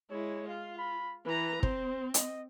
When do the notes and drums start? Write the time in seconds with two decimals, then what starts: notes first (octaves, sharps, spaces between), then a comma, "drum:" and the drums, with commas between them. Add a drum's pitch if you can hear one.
0.11 G#3 E4 C#5
0.48 F4 F5
0.78 B5
1.26 E3 B4 A#5
1.63 C4 C5, drum: kick
2.14 D#5, drum: hi-hat